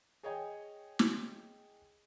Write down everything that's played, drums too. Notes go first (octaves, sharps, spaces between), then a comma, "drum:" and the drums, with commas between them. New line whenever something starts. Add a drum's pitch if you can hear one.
G#4 C#5 D#5 G5 G#5
drum: snare